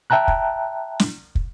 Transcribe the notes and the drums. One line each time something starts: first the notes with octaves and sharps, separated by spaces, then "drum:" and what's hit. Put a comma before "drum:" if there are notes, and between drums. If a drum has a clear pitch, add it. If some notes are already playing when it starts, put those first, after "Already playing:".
E5 G5 A5 A#5 F#6
drum: kick
drum: snare
drum: kick